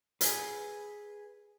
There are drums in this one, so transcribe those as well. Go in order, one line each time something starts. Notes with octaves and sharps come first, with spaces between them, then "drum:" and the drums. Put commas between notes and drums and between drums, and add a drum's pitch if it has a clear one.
G#4 B4, drum: hi-hat